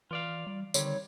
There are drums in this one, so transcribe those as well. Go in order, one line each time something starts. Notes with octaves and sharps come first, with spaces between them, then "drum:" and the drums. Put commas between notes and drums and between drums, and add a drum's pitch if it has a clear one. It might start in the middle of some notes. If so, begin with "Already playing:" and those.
E3 F4 D5 F5
G3
D3 D#3 G3 C4 C#5, drum: tambourine